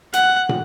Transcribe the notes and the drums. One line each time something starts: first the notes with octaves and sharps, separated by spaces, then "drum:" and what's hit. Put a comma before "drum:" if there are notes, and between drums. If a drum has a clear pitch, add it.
F#5, drum: hi-hat
drum: tom